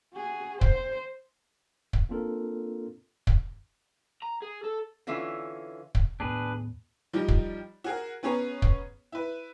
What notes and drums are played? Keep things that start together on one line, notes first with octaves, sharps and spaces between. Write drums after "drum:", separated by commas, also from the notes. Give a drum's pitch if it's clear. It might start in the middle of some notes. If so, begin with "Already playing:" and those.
F#4 G#4
C5, drum: kick
drum: kick
A#3 C4 D4 F4 A4 A#4
drum: kick
A#5
G#4
A4
D3 E3 C#4 F4 E5
drum: kick
D#2 A2 B3 D4 G#4 B4
F3 G3 D#4 G4
drum: kick
F#4 G#4 A#4
B3 C#4 G#4 B4 C#5 A#5
drum: kick
E4 B4